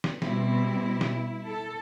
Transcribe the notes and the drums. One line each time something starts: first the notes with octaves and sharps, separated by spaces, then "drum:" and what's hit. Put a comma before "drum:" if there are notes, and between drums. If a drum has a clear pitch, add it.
drum: snare
B2 G3 C4 E4, drum: snare
drum: snare
A4